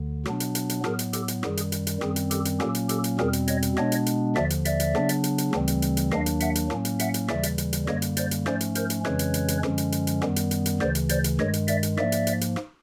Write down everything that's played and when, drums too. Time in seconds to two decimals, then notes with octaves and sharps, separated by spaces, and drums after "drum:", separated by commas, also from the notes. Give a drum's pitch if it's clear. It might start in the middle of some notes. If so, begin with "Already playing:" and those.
Already playing: D2 D3
0.25 B2 F#3 B3 D4, drum: rim click
0.40 drum: hi-hat
0.55 drum: hi-hat
0.70 drum: hi-hat
0.84 A2 F#3 B3 G#4 A#4, drum: rim click
0.99 drum: hi-hat
1.13 G4 A4, drum: hi-hat
1.28 drum: hi-hat
1.43 F#2 D#3 G3 G#4, drum: rim click
1.57 drum: hi-hat
1.72 drum: hi-hat
1.87 drum: hi-hat
2.01 F#2 D#3 G3 C4 G#4, drum: rim click
2.16 drum: hi-hat
2.31 G4 A4, drum: hi-hat
2.45 drum: hi-hat
2.60 A#2 F#3 A#3 C#4 G4 A4, drum: rim click
2.75 drum: hi-hat
2.89 G4 A4, drum: hi-hat
3.04 drum: hi-hat
3.19 E2 B2 G3 C4 G#4 A#4, drum: rim click
3.33 drum: hi-hat
3.48 C#5 D#5, drum: hi-hat
3.62 drum: hi-hat
3.77 B2 G#3 B3 D4 C#5 D#5, drum: rim click
3.92 drum: hi-hat
4.06 drum: hi-hat
4.36 D#2 D3 F3 D5 E5, drum: rim click
4.50 drum: hi-hat
4.65 D5 E5, drum: hi-hat
4.80 drum: hi-hat
4.95 C#3 F#3 B3 D4, drum: rim click
5.09 drum: hi-hat
5.24 drum: hi-hat
5.38 drum: hi-hat
5.53 D2 C#3 E3 G3 C4, drum: rim click
5.68 drum: hi-hat
5.82 drum: hi-hat
5.97 drum: hi-hat
6.11 D#2 D#3 F#3 A#3 D4 D#5 F5, drum: rim click
6.26 drum: hi-hat
6.40 E5 F#5, drum: hi-hat
6.55 drum: hi-hat
6.70 A2 F#3 A#3 C#4, drum: rim click
6.85 drum: hi-hat
6.99 E5 F#5, drum: hi-hat
7.14 drum: hi-hat
7.28 D#2 C#3 E3 G3 D5 E5, drum: rim click
7.43 drum: hi-hat
7.58 drum: hi-hat
7.73 drum: hi-hat
7.87 F#2 D3 G3 A#3 C#5 D#5, drum: rim click
8.02 drum: hi-hat
8.17 C5 D5, drum: hi-hat
8.31 drum: hi-hat
8.46 G#2 F3 A3 C#4 C5 D5, drum: rim click
8.61 drum: hi-hat
8.75 A#4 C5, drum: hi-hat
8.90 drum: hi-hat
9.05 F2 C#3 E3 G#3 C#4 B4 C#5, drum: rim click
9.19 drum: hi-hat
9.34 drum: hi-hat
9.48 drum: hi-hat
9.63 F#2 D3 F3 G#3 C#4, drum: rim click
9.78 drum: hi-hat
9.92 drum: hi-hat
10.07 drum: hi-hat
10.22 F#2 D#3 G3 B3, drum: rim click
10.36 drum: hi-hat
10.51 drum: hi-hat
10.66 drum: hi-hat
10.80 D2 C#3 E3 C5 D5, drum: rim click
10.95 drum: hi-hat
11.09 C5 D5, drum: hi-hat
11.24 drum: hi-hat
11.39 G2 D#3 G#3 C#5 D#5, drum: rim click
11.53 drum: hi-hat
11.68 D5 E5, drum: hi-hat
11.83 drum: hi-hat
11.97 G#2 F3 A#3 D5 E5, drum: rim click
12.12 drum: hi-hat
12.27 drum: hi-hat
12.41 drum: hi-hat
12.56 drum: rim click